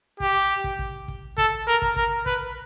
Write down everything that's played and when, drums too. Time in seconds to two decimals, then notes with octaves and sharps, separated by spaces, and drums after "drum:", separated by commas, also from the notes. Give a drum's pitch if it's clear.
0.20 G4, drum: kick
0.64 drum: kick
0.79 drum: kick
1.08 drum: kick
1.38 A4, drum: kick
1.68 A#4
1.82 drum: kick
1.96 A#4, drum: kick
2.26 B4, drum: kick